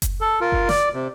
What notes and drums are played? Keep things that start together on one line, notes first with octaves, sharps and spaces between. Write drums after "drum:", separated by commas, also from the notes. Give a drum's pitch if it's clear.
drum: kick F#1, hi-hat
A4
F4 A#4
drum: kick F#1
D5, drum: snare
C3